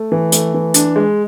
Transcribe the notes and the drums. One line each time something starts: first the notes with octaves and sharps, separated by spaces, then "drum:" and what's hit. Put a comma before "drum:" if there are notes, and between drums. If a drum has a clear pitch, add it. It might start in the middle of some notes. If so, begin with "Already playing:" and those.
Already playing: A3
E3
A3, drum: hi-hat
E3
D4, drum: hi-hat
G#3